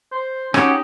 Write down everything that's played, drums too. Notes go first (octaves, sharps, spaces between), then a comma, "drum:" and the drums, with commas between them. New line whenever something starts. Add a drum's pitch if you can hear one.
C5
C#4 D#4 F#4 G4, drum: rim click